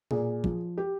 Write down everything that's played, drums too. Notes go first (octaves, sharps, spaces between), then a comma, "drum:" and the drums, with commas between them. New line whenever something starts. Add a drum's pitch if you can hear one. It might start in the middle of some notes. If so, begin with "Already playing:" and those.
A#2 G#4, drum: tom B2
F3, drum: kick
G4